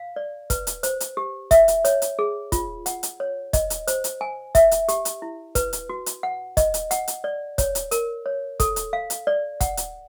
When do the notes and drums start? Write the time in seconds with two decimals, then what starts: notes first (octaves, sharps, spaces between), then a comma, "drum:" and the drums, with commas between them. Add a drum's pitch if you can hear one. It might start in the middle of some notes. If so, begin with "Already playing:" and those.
Already playing: F5
0.16 D5
0.50 B4, drum: kick, hi-hat
0.67 drum: hi-hat
0.83 C5, drum: hi-hat
1.00 drum: hi-hat
1.17 G4
1.51 E5, drum: kick, hi-hat
1.68 drum: hi-hat
1.85 C#5, drum: hi-hat
2.02 drum: hi-hat
2.19 G#4
2.52 F4, drum: kick, hi-hat
2.86 F#5, drum: hi-hat
3.03 drum: hi-hat
3.20 C#5
3.53 D#5, drum: kick, hi-hat
3.70 drum: hi-hat
3.87 C5, drum: hi-hat
4.04 drum: hi-hat
4.21 G#5
4.55 E5, drum: kick, hi-hat
4.71 drum: hi-hat
4.88 G4, drum: hi-hat
5.05 drum: hi-hat
5.22 E4
5.55 B4, drum: kick, hi-hat
5.73 drum: hi-hat
5.89 F#4
6.06 drum: hi-hat
6.23 F#5
6.57 D#5, drum: kick, hi-hat
6.74 drum: hi-hat
6.91 F#5, drum: hi-hat
7.08 drum: hi-hat
7.24 D5
7.58 C#5, drum: kick, hi-hat
7.75 drum: hi-hat
7.91 A#4, drum: hi-hat
8.26 C#5
8.60 A4, drum: kick, hi-hat
8.76 drum: hi-hat
8.93 F5
9.10 drum: hi-hat
9.27 D5
9.61 F#5, drum: kick, hi-hat
9.77 drum: hi-hat